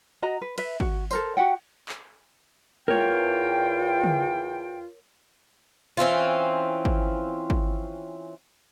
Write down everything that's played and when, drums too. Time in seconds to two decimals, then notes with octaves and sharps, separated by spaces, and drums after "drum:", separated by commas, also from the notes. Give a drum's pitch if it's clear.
0.22 F#4 D#5 A#5
0.41 B4
0.58 B4 E5, drum: cymbal
0.80 F#4, drum: kick G#1
1.11 A4 A#4 C5, drum: tambourine
1.37 F#4 G4 F#5 G5
1.89 drum: clap
2.88 E2 F4 A#4 C#5 G5, drum: tom
4.04 drum: tom
5.97 E3 C4 C#4 F4
6.85 drum: kick G#1
7.50 drum: kick G#1